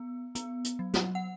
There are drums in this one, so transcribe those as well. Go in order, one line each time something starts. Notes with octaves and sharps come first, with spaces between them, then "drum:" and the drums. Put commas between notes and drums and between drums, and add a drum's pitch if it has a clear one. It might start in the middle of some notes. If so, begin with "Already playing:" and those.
Already playing: B3
B3, drum: hi-hat
drum: hi-hat
F#3
drum: snare
F#5